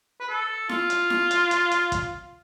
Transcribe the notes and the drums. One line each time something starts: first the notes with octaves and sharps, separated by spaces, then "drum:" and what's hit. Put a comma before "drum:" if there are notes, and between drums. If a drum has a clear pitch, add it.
B4
A4
F4, drum: snare E4
drum: hi-hat
drum: snare E4
drum: hi-hat
drum: hi-hat
drum: hi-hat
drum: kick, hi-hat